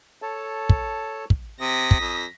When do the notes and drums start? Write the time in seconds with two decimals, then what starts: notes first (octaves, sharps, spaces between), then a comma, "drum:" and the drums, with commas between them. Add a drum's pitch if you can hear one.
0.22 A4 C#5 A5
0.69 drum: kick
1.30 drum: kick
1.60 C3 D#6 A#6 B6
1.91 drum: kick
2.00 F2